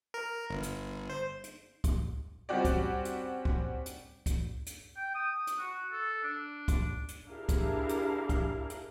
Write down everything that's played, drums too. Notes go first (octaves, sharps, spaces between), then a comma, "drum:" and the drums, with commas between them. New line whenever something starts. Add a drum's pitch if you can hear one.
A#4
G1
drum: hi-hat
C5
drum: hi-hat
drum: kick, hi-hat
G3 C4 C#4 F#4 G4 D5
drum: kick, hi-hat
drum: hi-hat
drum: kick
drum: hi-hat
drum: kick, hi-hat
drum: hi-hat
G5
D#6
drum: hi-hat
F#4
A4
D4
drum: kick, hi-hat
drum: hi-hat
D4 E4 G4 G#4 A#4 F5
drum: kick, hi-hat
drum: hi-hat
drum: kick, hi-hat
drum: hi-hat